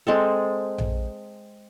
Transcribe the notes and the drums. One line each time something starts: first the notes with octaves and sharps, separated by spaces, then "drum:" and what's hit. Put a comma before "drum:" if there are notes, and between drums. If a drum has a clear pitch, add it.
G#3 C4 A4
drum: tom A#1